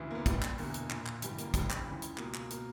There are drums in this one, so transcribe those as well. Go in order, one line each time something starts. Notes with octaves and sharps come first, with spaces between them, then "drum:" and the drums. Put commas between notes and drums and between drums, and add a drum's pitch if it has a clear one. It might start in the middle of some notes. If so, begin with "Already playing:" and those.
Already playing: D2 C#3 E3
A#3
B3
A#1 A#2 G3, drum: kick, hi-hat
drum: clap
E1 E2 D3 A#3, drum: open hi-hat
drum: hi-hat
A#1 A#2, drum: clap
drum: clap
G1 F#2 E3 G3, drum: hi-hat
A#3, drum: hi-hat
F#1 E2 D3 G3, drum: kick, hi-hat
drum: clap
C#2 C#3 E3
drum: hi-hat
C#2 B2 A#3, drum: clap
drum: clap
B2 A#3, drum: hi-hat